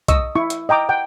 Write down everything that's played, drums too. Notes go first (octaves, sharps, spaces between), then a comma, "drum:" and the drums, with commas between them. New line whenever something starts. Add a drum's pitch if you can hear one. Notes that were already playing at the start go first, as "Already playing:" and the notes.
D#5 C#6 D#6 E6, drum: kick, hi-hat
E4 C#6
drum: hi-hat
D#5 G5 A#5 D6
F#5 G5